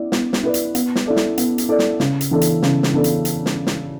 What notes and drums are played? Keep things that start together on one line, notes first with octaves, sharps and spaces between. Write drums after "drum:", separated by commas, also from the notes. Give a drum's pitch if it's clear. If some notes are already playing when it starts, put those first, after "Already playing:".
Already playing: B3 E4 D5
B3, drum: snare
drum: snare
E4 B4 D5
drum: hi-hat
B3, drum: hi-hat
drum: snare
E4 A4 D5
drum: snare
B3, drum: hi-hat
drum: hi-hat
E4 A4 D5
drum: snare
C#3, drum: snare
drum: hi-hat
E3 B3 D4 A4
drum: hi-hat
C#3, drum: snare
drum: snare
E3 B3 D4 A4
drum: hi-hat
drum: hi-hat
drum: snare
drum: snare